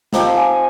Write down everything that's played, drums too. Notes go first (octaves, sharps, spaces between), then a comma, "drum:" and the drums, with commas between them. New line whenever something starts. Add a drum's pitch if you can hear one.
F3 C4 D#4 G4 G5, drum: snare
G#5